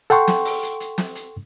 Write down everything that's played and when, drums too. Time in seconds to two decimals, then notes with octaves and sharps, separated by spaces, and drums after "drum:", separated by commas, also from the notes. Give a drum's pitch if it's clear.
0.10 A4 F#5 G5 C6 C#6, drum: hi-hat
0.28 drum: snare
0.45 drum: open hi-hat
0.63 drum: hi-hat
0.80 drum: hi-hat
0.98 drum: snare
1.15 drum: hi-hat